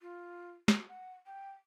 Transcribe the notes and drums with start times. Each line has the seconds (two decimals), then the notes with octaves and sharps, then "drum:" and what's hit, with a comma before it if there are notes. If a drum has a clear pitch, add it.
0.01 F4
0.68 F#4, drum: snare
0.89 F#5
1.26 G5